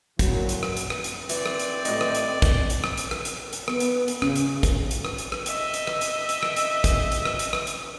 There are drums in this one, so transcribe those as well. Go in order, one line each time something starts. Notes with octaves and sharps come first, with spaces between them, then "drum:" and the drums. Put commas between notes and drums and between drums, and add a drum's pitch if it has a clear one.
F#2 A#2 F#3 E4, drum: kick, hi-hat
drum: hi-hat
drum: rim click
drum: hi-hat
drum: rim click
drum: hi-hat
E3 C4 D5, drum: hi-hat
drum: rim click
drum: hi-hat
A1 D#4, drum: hi-hat
drum: rim click
drum: hi-hat
drum: kick, hi-hat
drum: hi-hat
drum: rim click
drum: hi-hat
drum: rim click
drum: hi-hat
drum: hi-hat
B3, drum: rim click
drum: hi-hat
drum: hi-hat
C#3 C#4, drum: rim click
drum: hi-hat
drum: kick, hi-hat
drum: hi-hat
drum: rim click
drum: hi-hat
drum: rim click
D#5 E5, drum: hi-hat
drum: hi-hat
drum: rim click
drum: hi-hat
drum: hi-hat
drum: rim click
drum: hi-hat
drum: kick, hi-hat
drum: hi-hat
drum: rim click
drum: hi-hat
drum: rim click
drum: hi-hat